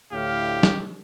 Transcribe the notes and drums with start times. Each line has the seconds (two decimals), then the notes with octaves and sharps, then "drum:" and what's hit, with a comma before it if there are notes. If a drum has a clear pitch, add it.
0.13 D2 A2 G4 F5
0.63 drum: snare